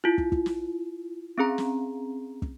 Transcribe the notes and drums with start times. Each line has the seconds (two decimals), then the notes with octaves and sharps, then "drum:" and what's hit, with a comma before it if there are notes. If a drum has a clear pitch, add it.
0.04 E4 F4
0.18 drum: kick
0.32 drum: kick
0.46 drum: snare
1.38 C4 C#4 G#4 A#5
1.58 drum: snare
2.42 drum: kick